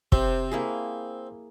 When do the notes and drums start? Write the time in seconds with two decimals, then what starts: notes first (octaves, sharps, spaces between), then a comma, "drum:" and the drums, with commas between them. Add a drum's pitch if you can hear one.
0.12 C3 C4, drum: kick
0.51 A#3 E4 G#4